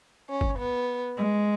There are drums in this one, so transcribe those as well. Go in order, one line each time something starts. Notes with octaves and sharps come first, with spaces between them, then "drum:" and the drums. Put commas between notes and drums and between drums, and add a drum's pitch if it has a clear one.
C#4
drum: kick
B3
G#3